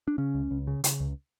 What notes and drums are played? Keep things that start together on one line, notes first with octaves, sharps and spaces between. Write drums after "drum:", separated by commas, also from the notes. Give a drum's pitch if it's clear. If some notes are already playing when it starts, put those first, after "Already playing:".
D4
C#3 C#4
C#2
C#2
C#3
C#3, drum: hi-hat
C#2